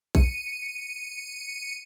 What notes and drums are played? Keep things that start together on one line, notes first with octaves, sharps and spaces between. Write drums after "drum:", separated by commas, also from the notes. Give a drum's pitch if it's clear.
C#7 D#7, drum: kick